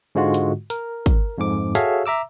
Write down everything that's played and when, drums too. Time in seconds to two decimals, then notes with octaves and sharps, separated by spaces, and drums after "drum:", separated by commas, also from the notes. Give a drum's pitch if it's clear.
0.15 G#2 D3 G#3 F4 F#4
0.34 drum: hi-hat
0.70 A#4, drum: hi-hat
1.06 drum: kick, hi-hat
1.38 F2 G#2 D6
1.75 F#4 G#4 A4 C#5 E5 F5, drum: hi-hat
2.06 E5 A#5 D6 E6